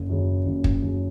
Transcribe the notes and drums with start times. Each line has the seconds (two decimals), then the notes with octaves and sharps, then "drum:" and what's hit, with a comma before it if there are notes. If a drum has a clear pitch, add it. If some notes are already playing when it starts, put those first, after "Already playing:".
Already playing: F#1
0.09 F#2 C#3
0.46 F#1
0.64 drum: kick
0.82 F#2 C#3